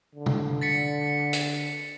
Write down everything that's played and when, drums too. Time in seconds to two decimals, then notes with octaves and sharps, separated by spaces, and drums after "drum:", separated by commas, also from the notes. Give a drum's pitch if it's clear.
0.15 D3
0.26 drum: tom
0.61 A6 B6 C#7
1.33 drum: hi-hat